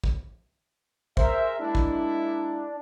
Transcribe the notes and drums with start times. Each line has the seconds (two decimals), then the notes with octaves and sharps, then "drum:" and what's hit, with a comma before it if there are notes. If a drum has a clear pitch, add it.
0.04 drum: kick
1.17 G#4 A#4 C5 E5, drum: kick
1.59 G#3 A#3 D4 E4
1.75 drum: kick